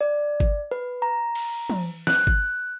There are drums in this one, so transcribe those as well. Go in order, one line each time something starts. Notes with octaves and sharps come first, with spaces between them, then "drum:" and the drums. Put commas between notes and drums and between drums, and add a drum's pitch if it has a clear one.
D5
drum: kick
B4
A#5
drum: cymbal
drum: tom
F#6, drum: snare
drum: kick